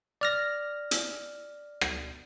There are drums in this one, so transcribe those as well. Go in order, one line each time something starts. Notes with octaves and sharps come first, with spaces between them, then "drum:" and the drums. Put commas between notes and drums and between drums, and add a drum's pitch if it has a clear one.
D5 F6 A#6
drum: hi-hat
drum: rim click